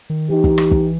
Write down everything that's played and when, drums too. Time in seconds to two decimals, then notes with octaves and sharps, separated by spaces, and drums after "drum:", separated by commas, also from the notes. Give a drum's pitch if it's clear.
0.10 D#3
0.30 E3 D#4 G4
0.44 drum: kick
0.58 drum: rim click
0.71 drum: kick